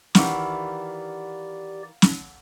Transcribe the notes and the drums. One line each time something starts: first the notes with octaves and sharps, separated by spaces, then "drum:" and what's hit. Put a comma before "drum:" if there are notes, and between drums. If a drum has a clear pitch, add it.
D#3 E3 G4 D5 F5 F#5, drum: snare
drum: snare